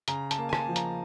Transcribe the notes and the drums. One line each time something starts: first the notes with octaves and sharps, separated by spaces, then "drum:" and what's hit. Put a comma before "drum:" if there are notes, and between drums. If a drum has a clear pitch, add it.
C#3 A#5, drum: hi-hat
A5, drum: hi-hat
A#3
G#5
A5, drum: rim click
F3
A#5, drum: hi-hat